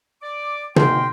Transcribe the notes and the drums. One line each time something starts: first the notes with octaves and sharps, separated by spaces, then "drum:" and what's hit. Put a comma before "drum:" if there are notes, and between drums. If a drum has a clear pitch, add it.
D5 D6
G#1 D#2 A#4 G5 C6, drum: tom